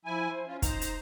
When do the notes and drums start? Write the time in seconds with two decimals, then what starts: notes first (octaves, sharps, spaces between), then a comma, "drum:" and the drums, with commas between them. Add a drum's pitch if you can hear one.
0.05 F3 E4 G#5
0.30 C5
0.47 C#4 F4
0.62 D#4 C5 A#5, drum: kick, hi-hat
0.81 drum: hi-hat